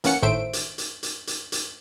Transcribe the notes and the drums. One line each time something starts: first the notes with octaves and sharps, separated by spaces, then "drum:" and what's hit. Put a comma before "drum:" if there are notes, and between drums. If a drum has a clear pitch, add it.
E2 A#3 C#4 F#5 C#7, drum: hi-hat
G#1 A2 D#3 C5 E5 D7
drum: hi-hat
drum: hi-hat
drum: hi-hat
drum: hi-hat
drum: hi-hat